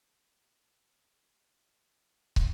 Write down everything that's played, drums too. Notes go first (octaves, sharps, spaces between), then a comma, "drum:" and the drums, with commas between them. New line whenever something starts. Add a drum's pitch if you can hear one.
D#4 A4
drum: kick